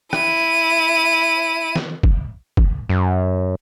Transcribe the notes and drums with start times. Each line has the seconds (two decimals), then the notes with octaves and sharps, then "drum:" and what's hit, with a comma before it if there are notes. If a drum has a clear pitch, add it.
0.13 E4 D#7, drum: rim click
1.76 drum: snare
2.03 drum: kick
2.57 drum: kick
2.89 F#2